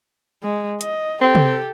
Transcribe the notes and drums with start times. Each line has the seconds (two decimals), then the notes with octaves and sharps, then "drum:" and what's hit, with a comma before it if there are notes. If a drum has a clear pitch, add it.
0.43 G#3
0.81 D#5, drum: hi-hat
1.21 C4 G4 A4
1.35 drum: tom C3